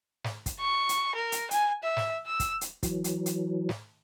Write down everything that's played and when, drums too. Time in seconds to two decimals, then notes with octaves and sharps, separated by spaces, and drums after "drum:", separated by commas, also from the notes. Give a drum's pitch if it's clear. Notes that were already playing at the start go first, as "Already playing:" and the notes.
0.24 drum: snare
0.46 drum: kick, hi-hat
0.60 C#6
0.89 drum: hi-hat
1.15 A#4
1.32 drum: hi-hat
1.51 G#5, drum: hi-hat
1.84 E5
1.97 drum: snare
2.27 E6
2.40 drum: kick, hi-hat
2.61 drum: hi-hat
2.83 E3 F#3, drum: kick, hi-hat
3.04 drum: hi-hat
3.26 drum: hi-hat
3.69 drum: snare